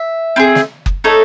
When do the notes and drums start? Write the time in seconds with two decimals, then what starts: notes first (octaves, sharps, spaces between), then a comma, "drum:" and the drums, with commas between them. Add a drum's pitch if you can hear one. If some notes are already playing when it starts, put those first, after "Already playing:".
Already playing: E5
0.36 C4 E4 G#4
0.55 drum: snare
0.86 drum: kick F#1
1.04 A3 D#4 A4 C#5